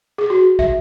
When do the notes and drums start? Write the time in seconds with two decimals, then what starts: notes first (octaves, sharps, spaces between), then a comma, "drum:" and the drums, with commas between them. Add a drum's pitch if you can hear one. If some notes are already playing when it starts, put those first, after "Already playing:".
0.18 G#4
0.30 F#4
0.59 E5, drum: kick